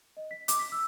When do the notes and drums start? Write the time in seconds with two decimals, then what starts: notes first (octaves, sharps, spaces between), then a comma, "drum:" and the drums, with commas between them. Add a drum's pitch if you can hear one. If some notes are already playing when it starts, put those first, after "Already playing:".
0.17 D#5
0.31 B6
0.48 D6, drum: hi-hat
0.59 B6
0.72 E6